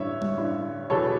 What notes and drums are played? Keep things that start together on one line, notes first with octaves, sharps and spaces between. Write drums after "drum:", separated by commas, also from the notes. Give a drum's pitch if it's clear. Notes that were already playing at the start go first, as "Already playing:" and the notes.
Already playing: A1 G2 D3 C#5 E5
drum: tom G3
A1 G2 D3
E2 B2 A4 C#5